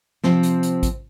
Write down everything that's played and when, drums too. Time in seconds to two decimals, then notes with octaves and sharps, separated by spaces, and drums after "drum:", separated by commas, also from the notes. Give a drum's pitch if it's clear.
0.24 C3 F3 C4, drum: snare
0.43 drum: hi-hat
0.63 drum: hi-hat
0.83 drum: kick A1, hi-hat